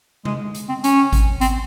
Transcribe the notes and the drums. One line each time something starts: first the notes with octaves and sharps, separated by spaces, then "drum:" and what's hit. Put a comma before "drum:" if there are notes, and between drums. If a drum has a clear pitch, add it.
G#3, drum: tom C3
drum: hi-hat
C4
C#4, drum: hi-hat
drum: kick G#1, hi-hat
C4, drum: hi-hat